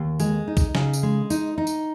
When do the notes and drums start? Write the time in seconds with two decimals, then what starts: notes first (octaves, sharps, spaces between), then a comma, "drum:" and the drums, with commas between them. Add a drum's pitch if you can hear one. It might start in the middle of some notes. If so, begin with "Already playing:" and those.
Already playing: D#2
0.20 G#3, drum: tambourine
0.47 D#4
0.57 drum: kick B1, tambourine
0.75 C#3, drum: snare
0.93 drum: tambourine
1.03 G#3
1.30 D#4, drum: tambourine
1.58 D#4
1.67 drum: tambourine